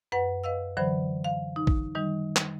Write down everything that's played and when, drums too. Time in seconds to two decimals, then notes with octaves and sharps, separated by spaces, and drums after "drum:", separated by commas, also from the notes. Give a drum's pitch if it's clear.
0.12 F#2 B4 F#5
0.44 B4 D#5 F5 E6
0.77 D3 E3 F#3 C5 B5
1.24 F5
1.56 D#4
1.67 drum: kick A1
1.95 D#3 G3 D#4
2.36 drum: clap